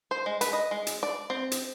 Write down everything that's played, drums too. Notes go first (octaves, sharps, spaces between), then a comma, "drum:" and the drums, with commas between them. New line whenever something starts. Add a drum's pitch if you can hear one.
C5
G#3
B4, drum: hi-hat
D#5
G#3
drum: hi-hat
D5
C4
drum: hi-hat